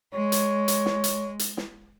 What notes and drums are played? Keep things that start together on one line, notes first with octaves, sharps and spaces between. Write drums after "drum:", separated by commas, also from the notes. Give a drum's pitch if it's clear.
G#3 C#5
drum: hi-hat
drum: hi-hat
drum: snare
drum: hi-hat
drum: hi-hat
drum: snare